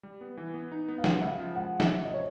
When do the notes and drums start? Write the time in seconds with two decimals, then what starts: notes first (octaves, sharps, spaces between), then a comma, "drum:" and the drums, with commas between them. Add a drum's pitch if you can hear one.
0.03 G3
0.21 B3
0.37 E3
0.54 B3
0.72 D#4
0.88 B3
0.98 F5
1.04 G#3 F#5, drum: snare
1.21 C#3 E5
1.30 F5
1.38 F3
1.55 G#3 F#5
1.72 G#3
1.80 E5, drum: snare
1.89 F3
2.05 C3 D#5
2.14 C#5